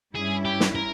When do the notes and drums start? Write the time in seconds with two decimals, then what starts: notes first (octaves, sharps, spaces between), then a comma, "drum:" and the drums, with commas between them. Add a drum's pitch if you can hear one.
0.15 G2 G3 C#4 E4 G#4
0.45 G4
0.60 drum: snare
0.75 A#4